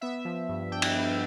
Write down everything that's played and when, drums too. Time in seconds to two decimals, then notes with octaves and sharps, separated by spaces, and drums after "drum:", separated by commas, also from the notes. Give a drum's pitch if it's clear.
0.01 B3 E5
0.25 F3
0.49 G2
0.71 D4 G5
0.82 drum: cymbal
0.95 B3